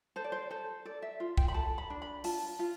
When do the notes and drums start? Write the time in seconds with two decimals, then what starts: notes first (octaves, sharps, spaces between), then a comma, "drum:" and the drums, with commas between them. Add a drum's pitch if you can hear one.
0.16 A4 C5
0.24 D5
0.32 C5
0.50 A4 C5
0.85 A4 D5
1.02 E5
1.20 F4
1.37 G5, drum: kick
1.48 B5
1.54 A4 A5
1.78 B5
1.90 D4
2.02 B5
2.24 F4 A5, drum: open hi-hat
2.59 F4